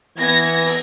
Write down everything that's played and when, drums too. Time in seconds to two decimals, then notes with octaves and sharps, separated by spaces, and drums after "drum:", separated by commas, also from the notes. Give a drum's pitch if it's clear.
0.18 E3 B3 G#6 A#6, drum: hi-hat
0.42 drum: hi-hat
0.67 drum: open hi-hat